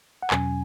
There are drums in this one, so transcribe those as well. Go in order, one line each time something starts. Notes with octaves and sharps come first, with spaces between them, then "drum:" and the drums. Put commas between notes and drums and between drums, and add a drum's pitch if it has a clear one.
F#5
E2 B2 F#3 C#4 G#5, drum: clap